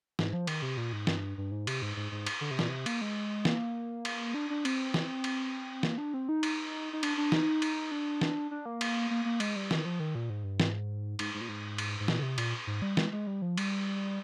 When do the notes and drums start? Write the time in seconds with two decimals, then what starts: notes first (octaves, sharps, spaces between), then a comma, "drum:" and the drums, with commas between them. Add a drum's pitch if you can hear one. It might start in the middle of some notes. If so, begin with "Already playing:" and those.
0.19 G#2, drum: snare
0.33 F3
0.47 D#3, drum: cymbal
0.62 C3
0.77 A#2
0.93 G#2
1.07 G2, drum: snare
1.38 G2
1.52 G#2
1.67 C3, drum: cymbal
1.82 G#2
1.97 G#2
2.12 G#2
2.27 drum: cymbal
2.41 D3
2.51 C3
2.59 A#2, drum: snare
2.69 C3
2.86 A#3, drum: cymbal
3.01 G#3
3.45 A#3, drum: snare
4.05 drum: cymbal
4.34 D4
4.50 D4
4.65 C4, drum: cymbal
4.94 drum: snare
5.24 drum: cymbal
5.83 A#3, drum: snare
5.98 D4
6.14 C4
6.29 D#4
6.43 drum: cymbal
6.93 D#4
7.03 D4, drum: cymbal
7.18 D4
7.32 D#4, drum: snare
7.62 drum: cymbal
7.92 D4
8.21 drum: snare
8.51 D4
8.66 A#3
8.81 drum: cymbal
9.11 A#3
9.25 A#3
9.40 G#3, drum: cymbal
9.56 G3
9.71 D#3, drum: snare
9.85 F3
10.00 D#3
10.15 A#2
10.30 G#2
10.44 G2
10.60 G#2, drum: snare
11.19 G#2, drum: cymbal
11.34 G#2
11.41 A#2
11.49 G#2
11.78 drum: cymbal
12.00 G#2
12.08 A#2, drum: snare
12.19 D3
12.22 C3
12.38 A#2, drum: cymbal
12.67 G#2
12.82 G3
12.97 G#3, drum: snare
13.12 G#3
13.27 G3
13.42 F3
13.58 G3, drum: cymbal